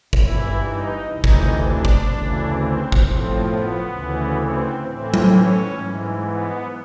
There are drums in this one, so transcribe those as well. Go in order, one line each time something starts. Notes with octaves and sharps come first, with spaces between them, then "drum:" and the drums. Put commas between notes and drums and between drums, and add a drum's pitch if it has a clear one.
G2 E3 E4, drum: kick
D#4
D2 C3 E3 D#4
drum: kick
D4
drum: kick
D2 C#3 E3
C4
A2 F3 C4, drum: kick
B3
D2 C#3 E3
C4
A2 E3 C4
drum: tom F#3
C#4
G#2 E3
B3